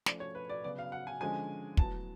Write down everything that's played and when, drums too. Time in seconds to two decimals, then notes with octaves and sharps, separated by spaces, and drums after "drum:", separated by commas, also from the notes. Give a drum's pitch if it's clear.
0.06 F3 A3 C#4 D5, drum: snare
0.20 C#5
0.35 B4
0.49 D5
0.64 C#3 F#3 B3 D5
0.79 F5
0.92 F#5
1.07 G#5
1.21 D3 F3 G#3 C#4 G#5
1.77 A2 F#3 B3 A5, drum: kick